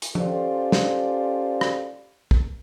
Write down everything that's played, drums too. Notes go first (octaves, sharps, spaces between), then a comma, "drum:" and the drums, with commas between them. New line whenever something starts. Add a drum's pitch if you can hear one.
drum: hi-hat
C#4 F4 G4 A4 C5 D5, drum: tom F3
drum: snare
drum: rim click
drum: kick